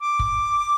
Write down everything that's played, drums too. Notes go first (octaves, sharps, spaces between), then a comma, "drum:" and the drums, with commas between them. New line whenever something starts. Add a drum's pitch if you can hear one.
D6
drum: kick